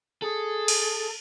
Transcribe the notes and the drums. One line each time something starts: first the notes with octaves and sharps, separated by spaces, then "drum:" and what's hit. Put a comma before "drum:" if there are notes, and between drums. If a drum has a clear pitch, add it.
G#4 A4
drum: cymbal